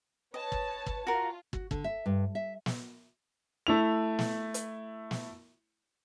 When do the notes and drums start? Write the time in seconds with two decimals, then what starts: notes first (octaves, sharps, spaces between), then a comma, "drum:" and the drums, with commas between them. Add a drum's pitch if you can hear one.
0.34 B4 C#5 D#5 A5
0.52 drum: kick
0.86 drum: kick
1.07 F4 F#4 A#4
1.53 F#4, drum: kick
1.71 D3, drum: kick
1.84 E5
2.06 G2
2.35 E5
2.66 drum: snare
3.67 A3 E4 F7
4.19 drum: snare
4.54 drum: hi-hat
5.11 drum: snare